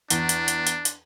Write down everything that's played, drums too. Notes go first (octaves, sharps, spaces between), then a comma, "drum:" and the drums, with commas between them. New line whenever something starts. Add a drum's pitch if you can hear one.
E2 D4, drum: hi-hat
drum: hi-hat
drum: hi-hat
drum: hi-hat
drum: hi-hat